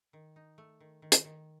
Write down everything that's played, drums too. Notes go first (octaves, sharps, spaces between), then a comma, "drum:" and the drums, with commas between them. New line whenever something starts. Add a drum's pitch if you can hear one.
D#3
D#4
A3
D#3
D#3
drum: hi-hat
D#3